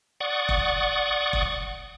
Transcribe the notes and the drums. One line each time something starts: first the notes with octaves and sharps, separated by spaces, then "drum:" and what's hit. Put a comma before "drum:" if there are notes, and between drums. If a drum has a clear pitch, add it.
D5 F#5 C#6 D#6
drum: kick E1
drum: kick E1